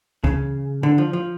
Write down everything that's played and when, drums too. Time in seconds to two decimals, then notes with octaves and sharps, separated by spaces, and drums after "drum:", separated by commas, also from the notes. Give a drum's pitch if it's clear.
0.24 C#3, drum: kick C#2
0.83 D3
0.98 F3
1.13 F3